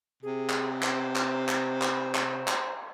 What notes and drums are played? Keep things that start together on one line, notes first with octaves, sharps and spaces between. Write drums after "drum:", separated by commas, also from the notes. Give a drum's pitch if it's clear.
C3 G#4
drum: clap
C5, drum: clap
drum: clap
drum: clap
drum: clap
drum: clap
drum: clap